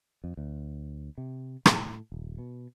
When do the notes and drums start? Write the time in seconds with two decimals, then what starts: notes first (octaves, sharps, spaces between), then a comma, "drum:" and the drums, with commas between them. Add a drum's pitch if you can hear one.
0.24 F2
0.37 D2
1.18 C3
1.66 A2, drum: rim click
2.12 D#1
2.38 B2